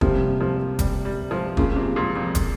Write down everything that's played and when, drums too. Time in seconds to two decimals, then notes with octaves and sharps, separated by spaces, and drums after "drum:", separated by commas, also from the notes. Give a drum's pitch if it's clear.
0.01 C3 F3 G3 A#3, drum: kick
0.41 F3
0.79 G3, drum: kick, hi-hat
1.05 G3
1.31 F3
1.57 C#3 F3 A#3 F4 G#4, drum: kick
1.76 C3
1.96 A#2
2.15 F2
2.35 drum: kick, hi-hat